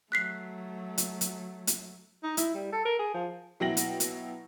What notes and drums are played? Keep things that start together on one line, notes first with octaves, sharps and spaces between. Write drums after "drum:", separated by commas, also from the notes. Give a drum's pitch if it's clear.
F#3 A3 F#6 B6 C7
drum: hi-hat
drum: hi-hat
drum: hi-hat
D#4
E4, drum: hi-hat
G3
A4
A#4
G#4
F3
B2 F#3 E4 G5 A#6 F#7
drum: hi-hat
drum: hi-hat